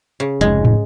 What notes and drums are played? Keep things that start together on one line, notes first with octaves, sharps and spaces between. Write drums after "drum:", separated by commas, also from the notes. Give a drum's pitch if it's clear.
C#3
F1 G#2 G#3
drum: tom